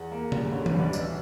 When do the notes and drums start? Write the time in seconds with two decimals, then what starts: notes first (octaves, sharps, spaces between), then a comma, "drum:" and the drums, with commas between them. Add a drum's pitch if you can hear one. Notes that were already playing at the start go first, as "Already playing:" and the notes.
Already playing: E2 F#5
0.12 A#3
0.32 G3, drum: tom C3
0.52 D3 C#5
0.66 B4, drum: tom E3
0.73 D2
0.80 D5
0.93 B2 D5, drum: tambourine
1.01 E5